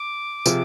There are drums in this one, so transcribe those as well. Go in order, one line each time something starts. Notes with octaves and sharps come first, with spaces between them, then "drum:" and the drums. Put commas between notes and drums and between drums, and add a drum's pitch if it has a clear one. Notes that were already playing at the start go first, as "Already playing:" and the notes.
Already playing: D6
C3 F3 C4 F4 G#4, drum: tambourine